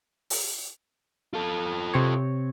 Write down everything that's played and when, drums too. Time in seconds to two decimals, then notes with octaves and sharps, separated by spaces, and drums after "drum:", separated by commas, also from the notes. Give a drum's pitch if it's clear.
0.30 drum: open hi-hat
1.33 F4 A4
1.94 C3 C4 C#5